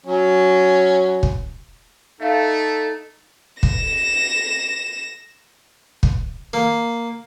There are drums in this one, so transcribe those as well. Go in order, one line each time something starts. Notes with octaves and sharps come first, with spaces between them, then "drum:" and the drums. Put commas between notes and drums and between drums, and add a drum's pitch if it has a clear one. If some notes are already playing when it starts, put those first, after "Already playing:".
F#3 C#4
drum: kick
A3 D#4 A4 E5 F5
A#6 E7, drum: kick
drum: kick
A#3